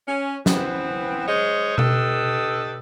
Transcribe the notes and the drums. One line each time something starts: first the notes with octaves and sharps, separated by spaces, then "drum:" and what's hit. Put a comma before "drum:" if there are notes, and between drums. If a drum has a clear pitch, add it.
C#4
E3 B3 C4, drum: snare
G#3 C5 C#5 D#5
D4 G4 A4 B4 D#5, drum: tom B2